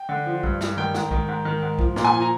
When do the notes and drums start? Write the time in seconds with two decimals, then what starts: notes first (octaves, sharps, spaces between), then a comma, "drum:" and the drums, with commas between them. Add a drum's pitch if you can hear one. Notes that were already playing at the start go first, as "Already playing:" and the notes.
Already playing: G5
0.09 D3
0.26 F3
0.43 G2, drum: kick
0.61 G2, drum: snare
0.77 D#3 G5
0.94 G#2, drum: snare
1.11 D#3, drum: kick
1.29 G#2
1.45 D#3
1.62 G#2
1.79 F3, drum: kick
1.96 A#2, drum: snare
2.05 G#5
2.13 F3
2.22 A#5